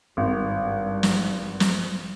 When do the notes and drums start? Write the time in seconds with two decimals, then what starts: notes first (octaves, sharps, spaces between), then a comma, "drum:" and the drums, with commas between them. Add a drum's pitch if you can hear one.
0.17 G#1 G2
1.03 drum: snare
1.60 drum: snare